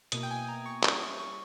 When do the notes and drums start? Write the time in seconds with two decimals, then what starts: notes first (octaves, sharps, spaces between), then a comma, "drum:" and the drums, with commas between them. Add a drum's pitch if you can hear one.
0.12 B2 A#3 E4 D#6, drum: hi-hat
0.23 G5
0.31 G#5
0.48 A#5
0.66 C#6
0.83 G3 C#4 E4 D#6, drum: clap
1.02 C#6
1.19 C#6